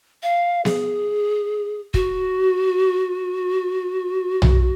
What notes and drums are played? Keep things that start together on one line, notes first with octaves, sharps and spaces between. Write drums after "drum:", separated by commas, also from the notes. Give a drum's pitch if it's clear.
F5
G#4, drum: snare B3
F#4, drum: kick
drum: tom B1